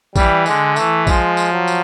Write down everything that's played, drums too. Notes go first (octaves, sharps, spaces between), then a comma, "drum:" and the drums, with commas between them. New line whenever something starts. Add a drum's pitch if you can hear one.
E3 G3, drum: kick A#1, tambourine
D3 G#3, drum: tambourine
E3 A3, drum: tambourine
F3 G#3, drum: kick A#1, tambourine
drum: tambourine
F#3
drum: tambourine